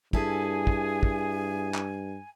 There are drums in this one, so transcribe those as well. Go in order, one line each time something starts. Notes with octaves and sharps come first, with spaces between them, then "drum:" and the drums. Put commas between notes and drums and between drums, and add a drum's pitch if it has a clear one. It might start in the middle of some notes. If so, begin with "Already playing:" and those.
G2 E4 G#4 A4 G#5, drum: kick
drum: kick
drum: kick
drum: clap